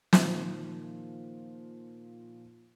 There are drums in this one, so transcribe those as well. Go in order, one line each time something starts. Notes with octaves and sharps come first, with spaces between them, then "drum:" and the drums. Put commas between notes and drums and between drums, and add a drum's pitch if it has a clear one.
A#2 D#3 F3, drum: snare